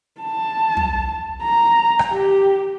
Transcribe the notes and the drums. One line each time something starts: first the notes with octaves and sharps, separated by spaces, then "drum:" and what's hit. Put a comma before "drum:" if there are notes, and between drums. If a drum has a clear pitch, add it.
A5
drum: tom
A#5
drum: rim click
G4